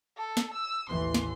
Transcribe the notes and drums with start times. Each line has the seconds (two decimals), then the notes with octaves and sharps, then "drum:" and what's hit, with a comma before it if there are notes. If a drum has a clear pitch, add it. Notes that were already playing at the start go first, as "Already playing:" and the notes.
0.17 A4
0.37 drum: snare
0.54 E6
0.89 A1 D#2 E3 C6
1.14 drum: snare